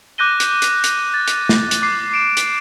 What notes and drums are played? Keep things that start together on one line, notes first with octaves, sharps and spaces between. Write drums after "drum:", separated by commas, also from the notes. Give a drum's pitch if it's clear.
D6 F#6 G6 A#6 D#7 G7
drum: hi-hat
drum: hi-hat
drum: hi-hat
A6
drum: hi-hat
drum: snare
drum: hi-hat
D6 C7
D7 E7
drum: hi-hat